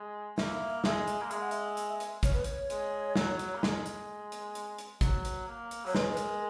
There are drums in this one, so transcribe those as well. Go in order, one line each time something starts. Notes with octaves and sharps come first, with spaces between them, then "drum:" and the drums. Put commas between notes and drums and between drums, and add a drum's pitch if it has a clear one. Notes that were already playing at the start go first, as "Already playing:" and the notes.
Already playing: G#3
A#3 E5, drum: snare
G#3, drum: snare
drum: hi-hat
A#3
G#3 E5, drum: hi-hat
F#5
E5, drum: hi-hat
drum: hi-hat
drum: hi-hat
C#5, drum: kick, hi-hat
B4
C#5, drum: hi-hat
G#3, drum: hi-hat
F#3, drum: snare
drum: hi-hat
A#3
G#3, drum: snare
drum: hi-hat
drum: hi-hat
drum: hi-hat
drum: hi-hat
F#3, drum: kick, hi-hat
drum: hi-hat
A#3
drum: hi-hat
F#3 C#5
G#3 B4, drum: snare
B4
A#4, drum: hi-hat